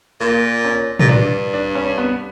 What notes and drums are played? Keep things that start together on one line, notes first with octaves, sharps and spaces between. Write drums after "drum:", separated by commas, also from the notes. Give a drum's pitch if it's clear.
A#2 A#3
C#4
A#2, drum: tom
G2 D4
D4
C#4
B3